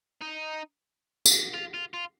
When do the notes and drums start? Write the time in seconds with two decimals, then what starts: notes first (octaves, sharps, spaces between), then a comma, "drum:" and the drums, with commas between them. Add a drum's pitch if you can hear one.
0.22 D#4
1.26 drum: tambourine
1.54 F4
1.74 F4
1.94 F4